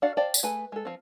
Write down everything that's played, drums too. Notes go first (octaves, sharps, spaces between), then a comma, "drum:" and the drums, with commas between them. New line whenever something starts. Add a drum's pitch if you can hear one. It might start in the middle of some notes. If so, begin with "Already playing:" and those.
D4 F#4 D5 F5 F#5
C5 D5 F5 G5 A5
drum: tambourine
A3 G#4 B4 G#5
G#3 A4
F3 C4